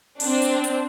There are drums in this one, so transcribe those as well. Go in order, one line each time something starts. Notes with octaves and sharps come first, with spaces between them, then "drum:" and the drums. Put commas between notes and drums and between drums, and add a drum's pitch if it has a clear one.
C4 D4, drum: open hi-hat
drum: hi-hat
drum: hi-hat